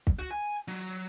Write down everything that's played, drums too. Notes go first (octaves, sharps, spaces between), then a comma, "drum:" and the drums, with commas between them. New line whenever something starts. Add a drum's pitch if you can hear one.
drum: kick
F#4
G#5
F#3